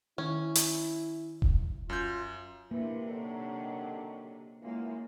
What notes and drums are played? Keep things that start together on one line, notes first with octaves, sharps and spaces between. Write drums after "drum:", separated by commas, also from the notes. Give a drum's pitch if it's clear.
D#3 C#4 E4
drum: hi-hat
drum: kick D#1
F#2 F4 G6
C3 E3 A#3 D4
D#3 F#3 A4
F#2 E3 G#3 A#3 F4